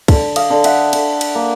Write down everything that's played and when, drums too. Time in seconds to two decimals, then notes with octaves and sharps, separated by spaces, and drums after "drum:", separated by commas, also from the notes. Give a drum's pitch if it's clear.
0.08 D3, drum: kick, cymbal
0.36 D#5 F5, drum: cymbal
0.50 D3
0.64 E5 F#5, drum: cymbal
0.93 D3, drum: cymbal
1.21 drum: cymbal
1.35 A#3